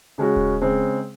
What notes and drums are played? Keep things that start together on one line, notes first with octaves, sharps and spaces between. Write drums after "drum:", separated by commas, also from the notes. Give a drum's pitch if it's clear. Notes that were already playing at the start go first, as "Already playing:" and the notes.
C#3 G#3 C#4 F#4
drum: kick D#1
C#3 G#3 C4